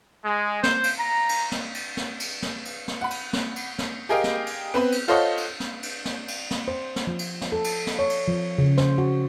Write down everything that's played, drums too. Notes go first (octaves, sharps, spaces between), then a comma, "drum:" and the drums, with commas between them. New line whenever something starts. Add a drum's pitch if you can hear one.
G#3
C5, drum: snare
drum: cymbal
A#5
drum: cymbal
drum: snare
drum: cymbal
drum: snare
drum: cymbal
drum: snare
drum: cymbal
drum: snare
F#5 B5
drum: cymbal
drum: snare
drum: cymbal
drum: snare
G4 G#4 A#4 D#5 F5 G5
drum: snare
drum: cymbal
B3 C4 B4
drum: cymbal
F4 A4 C5 C#5 D#5 F#5
drum: cymbal
drum: snare
drum: cymbal
drum: snare
drum: cymbal
drum: snare
C5
drum: snare
F3
drum: cymbal
drum: snare
A4
drum: cymbal
drum: snare
C#5
drum: cymbal
F3
C#3
C5, drum: snare
F#4